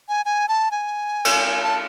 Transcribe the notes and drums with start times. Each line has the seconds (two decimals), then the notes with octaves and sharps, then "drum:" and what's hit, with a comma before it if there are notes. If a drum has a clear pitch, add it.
0.09 G#5
0.25 G#5
0.49 A5
0.71 G#5
1.25 drum: cymbal
1.62 A5